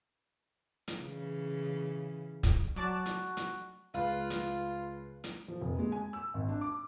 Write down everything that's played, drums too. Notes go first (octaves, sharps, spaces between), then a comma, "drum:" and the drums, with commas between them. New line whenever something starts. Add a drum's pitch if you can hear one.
drum: hi-hat
C#3 E3
drum: kick, hi-hat
F#3 F#4 D5 A5
drum: hi-hat
drum: hi-hat
C#2 F4 B4 F5
drum: hi-hat
drum: hi-hat
F3
F1
G#3
G#5
E6
G#1
D4
D6